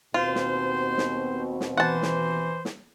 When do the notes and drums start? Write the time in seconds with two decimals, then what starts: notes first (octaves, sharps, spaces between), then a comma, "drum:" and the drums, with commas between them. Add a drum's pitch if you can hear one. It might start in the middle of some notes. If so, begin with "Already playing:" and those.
0.14 D#2 B2 C4 F4 C5
0.35 drum: snare
0.98 drum: snare
1.61 drum: snare
1.77 E3 C5 F#5 A5
2.02 drum: snare
2.65 drum: snare